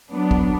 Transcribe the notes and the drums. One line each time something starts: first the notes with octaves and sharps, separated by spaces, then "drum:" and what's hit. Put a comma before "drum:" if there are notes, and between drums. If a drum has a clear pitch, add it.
F#3 B3 D4
drum: kick